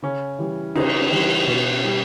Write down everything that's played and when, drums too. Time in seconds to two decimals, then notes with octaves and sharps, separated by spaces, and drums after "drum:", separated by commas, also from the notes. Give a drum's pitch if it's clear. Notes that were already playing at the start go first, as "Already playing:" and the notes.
0.02 C#3 C#4
0.39 E3 G3
0.75 C#3 D#4, drum: cymbal
1.11 E3 G3
1.47 B2
1.84 G3